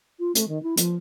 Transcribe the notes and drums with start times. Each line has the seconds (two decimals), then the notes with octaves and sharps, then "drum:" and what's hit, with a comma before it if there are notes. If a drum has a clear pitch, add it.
0.19 F4
0.35 A3, drum: hi-hat
0.48 D#3
0.63 E4
0.77 F3, drum: hi-hat